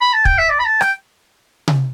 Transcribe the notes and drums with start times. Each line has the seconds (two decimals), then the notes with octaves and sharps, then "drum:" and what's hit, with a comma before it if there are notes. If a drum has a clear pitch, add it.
0.01 B5
0.13 A5
0.25 G5, drum: kick
0.38 E5
0.50 D5
0.59 B5
0.65 A5
0.81 G5, drum: rim click
1.68 drum: tom C3